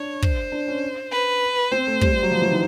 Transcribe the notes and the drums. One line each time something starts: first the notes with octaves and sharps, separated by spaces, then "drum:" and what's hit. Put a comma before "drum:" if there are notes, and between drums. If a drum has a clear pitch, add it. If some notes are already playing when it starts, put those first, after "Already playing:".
Already playing: D4 C#5
C5, drum: kick
D4
C#4
B4
C4 C5
A3
G3, drum: kick
G3
F#3
F3
E3
D#3